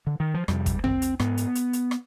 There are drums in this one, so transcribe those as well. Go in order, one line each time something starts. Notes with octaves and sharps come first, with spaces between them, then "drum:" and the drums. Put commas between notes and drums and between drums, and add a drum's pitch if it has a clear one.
D3
D#3
F3
F2 C3 G3, drum: rim click
drum: kick, hi-hat
C4, drum: tom
drum: hi-hat
G#2 B3, drum: rim click
drum: hi-hat
drum: hi-hat
drum: hi-hat
drum: rim click